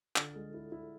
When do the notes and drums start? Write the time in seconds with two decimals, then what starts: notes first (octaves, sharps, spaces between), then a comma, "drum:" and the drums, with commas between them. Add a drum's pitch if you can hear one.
0.16 D3 F4 A4, drum: clap
0.35 G#3
0.54 E4
0.72 E4